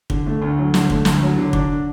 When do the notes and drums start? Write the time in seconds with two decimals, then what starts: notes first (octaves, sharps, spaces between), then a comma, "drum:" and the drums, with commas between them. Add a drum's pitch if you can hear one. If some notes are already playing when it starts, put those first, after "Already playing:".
0.10 D3, drum: kick
0.26 A3
0.42 D2
0.58 F#3
0.74 D3, drum: snare
0.90 A3, drum: kick
1.05 D2, drum: snare
1.22 F#3
1.37 D3
1.53 D4, drum: kick